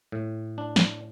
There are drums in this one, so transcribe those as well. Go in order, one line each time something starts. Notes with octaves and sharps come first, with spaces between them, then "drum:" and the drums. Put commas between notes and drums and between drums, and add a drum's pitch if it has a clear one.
A2
D4
drum: snare